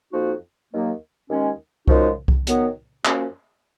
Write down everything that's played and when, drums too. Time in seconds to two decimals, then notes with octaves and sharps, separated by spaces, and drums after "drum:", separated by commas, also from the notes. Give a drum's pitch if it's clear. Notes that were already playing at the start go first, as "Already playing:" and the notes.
0.13 F2 F3 A#3 D#4 F#4
0.71 D#2 D#3 F#3 A#3
1.30 D#2 D#3 G#3 C#4
1.88 F#2 F3 G#3 D#4 F#4, drum: kick C2
2.28 drum: kick C2
2.47 D#3 F#3 B3, drum: hi-hat
3.05 F#2 F3 A#3 C#4 F#4, drum: clap